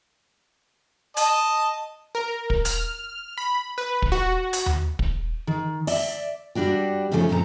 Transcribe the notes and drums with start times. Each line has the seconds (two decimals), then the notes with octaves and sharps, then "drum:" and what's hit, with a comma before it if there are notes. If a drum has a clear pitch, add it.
1.17 D#5 A5, drum: hi-hat
2.15 A#4
2.50 drum: kick
2.65 F6, drum: hi-hat
3.38 B5
3.78 B4
4.02 drum: kick
4.12 F#4
4.53 drum: hi-hat
4.66 drum: tom D#2
4.99 drum: kick
5.47 D#3
5.87 D5 E5, drum: open hi-hat
6.55 G2 G3 D4 F#4 G4
7.11 G#2 C#3 F3 A3 C#4
7.29 F2 A#2 G4 A4 A#5